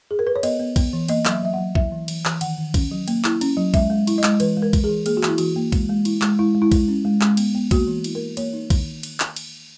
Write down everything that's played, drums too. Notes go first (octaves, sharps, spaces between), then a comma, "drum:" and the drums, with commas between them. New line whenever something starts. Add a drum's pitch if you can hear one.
G#4
A#4
B4
C#5
B3 D#5, drum: cymbal
B3
B3, drum: kick A#1, cymbal
E3
A#3 D#5, drum: cymbal
F#3, drum: clap
E5
F#3 E5
F#5
F#3
E4 E5, drum: kick A#1
E3
E3, drum: cymbal
E3, drum: clap
D#3 F#5, drum: cymbal
D#3
C#4, drum: kick A#1, cymbal
F#3
A#3, drum: cymbal
E4, drum: clap
C#4, drum: cymbal
F#3
G#3 E5, drum: kick A#1, cymbal
G#3
E4, drum: cymbal
D#5
G#3, drum: clap
E3 B4, drum: cymbal
G#3
A#4
G#3, drum: kick A#1, cymbal
G#4
E3
A#3 G#4, drum: cymbal
F#4
E3 E4, drum: clap
E3 F#4, drum: cymbal
A#3
G#3, drum: kick A#1, cymbal
G#3
E4, drum: cymbal
G#3, drum: clap
G#3 E4
G#3
E4
G#3, drum: kick A#1, cymbal
C#4
G#3
G#3, drum: clap
B3, drum: cymbal
B3
A#3 F#4, drum: kick A#1, cymbal
E3
E4, drum: cymbal
A#3 A#4
A#3 C#5, drum: cymbal
D#4
D#3, drum: kick A#1, cymbal
drum: cymbal
drum: clap
drum: cymbal